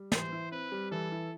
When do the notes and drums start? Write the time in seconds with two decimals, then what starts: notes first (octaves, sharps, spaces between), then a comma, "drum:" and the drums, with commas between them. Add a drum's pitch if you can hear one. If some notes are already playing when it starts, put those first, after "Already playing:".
Already playing: G3
0.12 E3 C5, drum: snare
0.32 E4
0.52 C4 B4
0.72 G3
0.92 E3 A4
1.12 E4